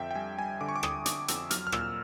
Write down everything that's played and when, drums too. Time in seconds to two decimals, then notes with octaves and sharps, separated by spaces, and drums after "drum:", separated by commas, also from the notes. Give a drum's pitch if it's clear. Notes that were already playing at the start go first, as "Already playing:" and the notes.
Already playing: F2 D3 E5 G5
0.11 G5
0.15 G3 G#5
0.38 G3 G#5
0.61 D3 D6
0.69 C#6
0.76 D6
0.83 D3 D#6, drum: rim click
1.06 D3 D6, drum: hi-hat
1.28 F2 E6, drum: hi-hat
1.51 F#3 F6, drum: hi-hat
1.67 F6
1.72 A#2 E6, drum: rim click